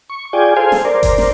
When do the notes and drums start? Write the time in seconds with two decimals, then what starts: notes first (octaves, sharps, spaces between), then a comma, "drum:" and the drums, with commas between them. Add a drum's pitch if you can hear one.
0.10 C#6
0.33 F4 G#4 D5 G5 G#5
0.57 G#4 A4 C5 F5 G#5
0.72 drum: snare
0.85 A#4 C5 D5
1.03 drum: kick G1, hi-hat
1.18 drum: snare